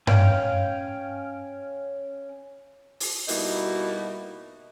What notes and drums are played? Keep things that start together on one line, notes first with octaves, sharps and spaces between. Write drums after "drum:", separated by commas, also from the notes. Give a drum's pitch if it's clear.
C#4 F5 G5, drum: tom G2
drum: open hi-hat
B2 G3 A#3 D#4 E4 F#4, drum: open hi-hat